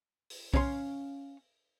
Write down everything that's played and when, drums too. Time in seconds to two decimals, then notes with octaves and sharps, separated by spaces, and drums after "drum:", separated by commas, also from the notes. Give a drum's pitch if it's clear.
0.30 drum: open hi-hat
0.54 C#4 C#5 F5 G#5 C6, drum: kick B1